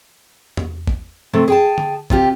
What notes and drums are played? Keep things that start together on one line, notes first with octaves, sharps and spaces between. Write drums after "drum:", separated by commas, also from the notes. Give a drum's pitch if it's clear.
drum: tom E2
drum: kick G1
C3 A3 C4
G#4 G5 A5
drum: tom D3
C3 F4 G4, drum: kick G1